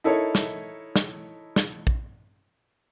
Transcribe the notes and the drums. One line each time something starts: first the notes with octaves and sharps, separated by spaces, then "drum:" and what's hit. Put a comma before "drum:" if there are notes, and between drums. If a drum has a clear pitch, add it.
D#4 E4 A4 A#4 C#5
drum: snare
drum: snare
drum: snare
drum: kick